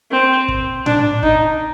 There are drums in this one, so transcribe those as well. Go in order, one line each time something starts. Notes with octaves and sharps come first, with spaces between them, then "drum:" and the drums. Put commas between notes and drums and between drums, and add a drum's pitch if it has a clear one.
C4
drum: kick
D4, drum: tom A2
D#4, drum: kick